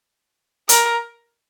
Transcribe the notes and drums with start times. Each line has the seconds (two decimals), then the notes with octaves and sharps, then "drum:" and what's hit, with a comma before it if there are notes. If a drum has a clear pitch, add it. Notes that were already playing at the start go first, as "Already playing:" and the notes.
0.69 A#4, drum: hi-hat